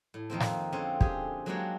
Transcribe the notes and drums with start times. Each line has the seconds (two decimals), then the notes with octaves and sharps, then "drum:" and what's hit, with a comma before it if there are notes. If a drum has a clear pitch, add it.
0.14 A2
0.30 F2 D#3 A#3 C4
0.40 drum: snare
0.72 D3 C4 C#4 F4 G#4
1.01 G4 G#4, drum: kick
1.46 F#3 G#3 A#3 D4 G4 C#5